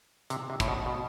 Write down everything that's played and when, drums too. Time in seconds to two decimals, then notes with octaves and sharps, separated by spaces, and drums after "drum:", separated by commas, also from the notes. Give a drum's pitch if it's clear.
0.30 C3, drum: hi-hat
0.50 C3
0.60 A2, drum: kick, hi-hat
0.68 B2
0.86 B2